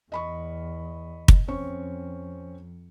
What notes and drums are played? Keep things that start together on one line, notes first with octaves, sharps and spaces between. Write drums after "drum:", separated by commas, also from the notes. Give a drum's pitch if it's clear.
E2 D#5 B5 C#6
drum: kick
F2 C4 C#4 C#6